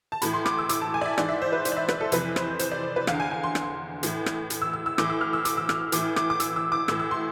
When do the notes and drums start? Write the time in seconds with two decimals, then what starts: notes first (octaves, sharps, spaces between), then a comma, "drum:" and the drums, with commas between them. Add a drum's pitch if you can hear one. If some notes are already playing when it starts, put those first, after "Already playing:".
0.12 A5
0.22 A2 E3 B5, drum: hi-hat
0.33 C6
0.46 D6, drum: rim click
0.58 E6
0.69 D6, drum: hi-hat
0.81 A5
0.94 G#5
1.01 D5
1.06 E5
1.18 G#2 E3 D5, drum: rim click
1.29 E5
1.42 C5
1.52 B4
1.65 C5, drum: hi-hat
1.72 D5
1.77 E5
1.88 B4, drum: rim click
2.01 A4
2.12 F2 C3 E3 B4, drum: hi-hat
2.36 C5, drum: rim click
2.59 C5, drum: hi-hat
2.72 D5
2.83 C5
2.96 B4
3.07 E2 D3 F5, drum: rim click
3.20 G#5
3.31 G#5
3.43 C6
3.55 drum: rim click
4.03 A2 E3, drum: hi-hat
4.26 drum: rim click
4.50 drum: hi-hat
4.62 E6
4.73 E6
4.86 E6
4.98 A2 E3 D6, drum: rim click
5.10 E6
5.21 F6
5.33 E6
5.45 D6, drum: hi-hat
5.57 E6
5.69 F6, drum: rim click
5.92 A2 E3 D6, drum: hi-hat
6.16 D6, drum: rim click
6.30 D6
6.40 E6, drum: hi-hat
6.56 E6
6.72 D6
6.88 A2 E3 E6, drum: rim click
6.99 E6
7.11 C6